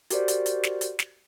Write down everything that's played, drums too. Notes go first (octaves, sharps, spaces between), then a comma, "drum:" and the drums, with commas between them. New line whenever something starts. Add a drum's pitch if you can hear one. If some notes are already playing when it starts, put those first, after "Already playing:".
F#4 G4 A#4 C5 D5, drum: hi-hat
drum: hi-hat
drum: hi-hat
drum: snare
drum: hi-hat
drum: snare